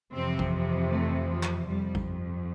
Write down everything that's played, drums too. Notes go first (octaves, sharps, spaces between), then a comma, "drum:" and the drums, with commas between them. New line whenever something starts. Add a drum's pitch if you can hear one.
F2 C3 E3 C4
drum: kick A1
A3
F3
drum: clap
F2 G3
drum: kick A1